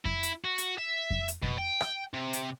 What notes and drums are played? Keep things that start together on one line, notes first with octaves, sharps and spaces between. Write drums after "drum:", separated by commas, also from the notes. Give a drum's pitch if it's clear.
E4, drum: kick F2
drum: hi-hat
F#4
drum: hi-hat
E5
drum: kick F2
drum: hi-hat
B2, drum: kick F2
G5
drum: rim click
C3
drum: hi-hat